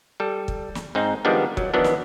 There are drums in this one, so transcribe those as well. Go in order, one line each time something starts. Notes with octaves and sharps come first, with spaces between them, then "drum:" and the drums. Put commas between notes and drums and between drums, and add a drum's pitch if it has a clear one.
G3 A4
drum: kick
drum: snare
G#2 C4 D#4
D#3 F3 G3 G#3 B3 D4
F#3, drum: kick
D#3 E3 F#3 B3 D4
drum: snare